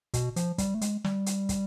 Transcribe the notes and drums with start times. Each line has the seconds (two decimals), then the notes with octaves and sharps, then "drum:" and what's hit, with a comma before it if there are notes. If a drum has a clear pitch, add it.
0.14 B2, drum: kick, hi-hat
0.36 F3, drum: hi-hat
0.58 G3, drum: kick, hi-hat
0.74 A3
0.81 G#3, drum: hi-hat
1.04 G3, drum: snare
1.26 drum: hi-hat
1.49 drum: kick, hi-hat